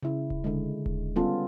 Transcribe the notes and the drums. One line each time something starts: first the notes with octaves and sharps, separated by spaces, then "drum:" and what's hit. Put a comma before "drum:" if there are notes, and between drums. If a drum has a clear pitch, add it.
C#3 E4
drum: kick D#1
D3 G#3
drum: kick D#1
G3 B3 C#4 F4 A4